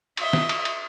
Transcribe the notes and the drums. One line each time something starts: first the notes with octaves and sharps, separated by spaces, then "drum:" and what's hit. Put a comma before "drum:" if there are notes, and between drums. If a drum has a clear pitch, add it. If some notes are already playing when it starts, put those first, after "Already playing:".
D#5 E5, drum: cymbal
drum: snare
drum: cymbal
drum: cymbal